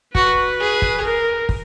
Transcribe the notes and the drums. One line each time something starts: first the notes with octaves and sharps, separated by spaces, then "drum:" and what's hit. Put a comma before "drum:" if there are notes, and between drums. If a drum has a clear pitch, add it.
F#4 B4, drum: kick
G#4
drum: kick
A#4
drum: kick